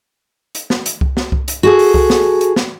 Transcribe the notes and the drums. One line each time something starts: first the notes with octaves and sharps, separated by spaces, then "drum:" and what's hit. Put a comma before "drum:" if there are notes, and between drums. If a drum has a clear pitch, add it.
drum: hi-hat
drum: snare
drum: hi-hat
drum: kick C2
drum: snare
drum: kick C2
drum: hi-hat
F#4 G#4 A4
drum: open hi-hat
drum: kick C2
drum: snare
drum: hi-hat
drum: snare